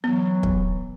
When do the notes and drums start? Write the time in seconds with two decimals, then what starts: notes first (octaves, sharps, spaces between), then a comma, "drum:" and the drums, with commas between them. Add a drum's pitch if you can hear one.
0.04 E3 F#3 B3
0.43 drum: kick